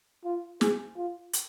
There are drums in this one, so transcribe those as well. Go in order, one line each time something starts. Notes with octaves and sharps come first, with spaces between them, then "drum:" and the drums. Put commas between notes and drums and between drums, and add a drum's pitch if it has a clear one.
F4
G#4, drum: snare
F4
drum: hi-hat